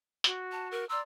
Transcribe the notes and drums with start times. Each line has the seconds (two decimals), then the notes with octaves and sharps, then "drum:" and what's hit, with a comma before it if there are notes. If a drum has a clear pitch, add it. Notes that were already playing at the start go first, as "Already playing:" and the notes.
0.24 F#4, drum: hi-hat
0.52 A5
0.71 A#4
0.89 D5 A#5 C6 E6